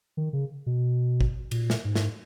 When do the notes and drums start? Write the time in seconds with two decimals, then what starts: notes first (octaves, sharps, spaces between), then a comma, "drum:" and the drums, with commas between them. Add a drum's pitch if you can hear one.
0.17 D#3
0.33 C#3
0.66 B2
1.21 drum: kick
1.51 A#2, drum: cymbal
1.70 drum: snare
1.85 G#2
1.95 drum: snare